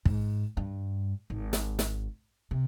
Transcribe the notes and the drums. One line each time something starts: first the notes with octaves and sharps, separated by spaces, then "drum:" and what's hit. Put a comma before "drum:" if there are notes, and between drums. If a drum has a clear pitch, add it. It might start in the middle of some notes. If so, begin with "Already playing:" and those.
G#2, drum: kick
G2
G#1
drum: snare
drum: snare
C3